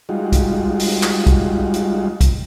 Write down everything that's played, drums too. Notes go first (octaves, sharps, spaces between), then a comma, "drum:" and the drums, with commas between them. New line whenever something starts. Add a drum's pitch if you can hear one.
G3 G#3 D#4 F4 F#4
drum: kick, hi-hat
drum: open hi-hat
drum: clap
drum: kick, hi-hat
drum: hi-hat
drum: kick, hi-hat